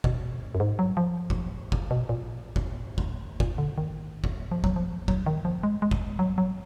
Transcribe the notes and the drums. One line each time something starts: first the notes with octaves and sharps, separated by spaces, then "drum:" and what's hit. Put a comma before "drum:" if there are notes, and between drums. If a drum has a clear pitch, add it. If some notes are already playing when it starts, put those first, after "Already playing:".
B2, drum: kick F#1
F#2
G#2
F#3
F3
drum: kick F#1
drum: kick F#1
B2
A#2
drum: kick F#1
drum: kick F#1
A#2, drum: kick F#1
D3
D#3
drum: kick F#1
F3
F#3, drum: kick F#1
F3
F#3, drum: kick F#1
D#3
F3
G#3
G#3
drum: kick F#1
F#3
F#3